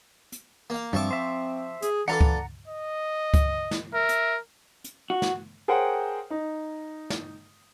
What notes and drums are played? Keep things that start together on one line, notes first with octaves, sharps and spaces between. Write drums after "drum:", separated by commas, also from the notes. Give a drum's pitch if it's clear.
drum: hi-hat
A#3 F5
G2 F3 C4 E5 C#6 D6
C5 E5
G#4, drum: hi-hat
E3 D4 F4 A4 F#5 A#5
drum: kick C#2
D#5
drum: kick C#2, hi-hat
drum: snare
A#4 E5
drum: hi-hat
drum: hi-hat
F#4
drum: snare
G#4 A#4 C5 C#5 F#5 G5
D#4
drum: snare